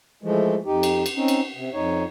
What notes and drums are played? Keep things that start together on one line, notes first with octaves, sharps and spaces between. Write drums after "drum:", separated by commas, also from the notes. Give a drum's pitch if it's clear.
E3 F3 G#3 A3
F2 D#4 G4
drum: cymbal
drum: cymbal
C4 C#4 D#4
drum: cymbal
C3
F2 D#4 C#5